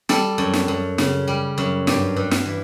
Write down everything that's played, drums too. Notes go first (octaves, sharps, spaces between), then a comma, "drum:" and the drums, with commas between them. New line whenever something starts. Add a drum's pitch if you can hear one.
G3 A4, drum: snare
F#2
drum: snare
F#2
C#3, drum: snare
G3
F#2
G2 G4, drum: snare
G2
drum: snare
E3